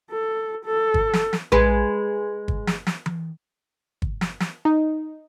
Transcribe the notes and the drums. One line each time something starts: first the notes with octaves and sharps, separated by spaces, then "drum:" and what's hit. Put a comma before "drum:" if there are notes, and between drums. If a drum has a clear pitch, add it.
A4
A4
drum: kick
drum: snare
drum: snare
G#3 B4, drum: tom A#1
drum: kick
drum: snare
drum: snare
drum: tom E3
drum: kick
drum: snare
drum: snare
D#4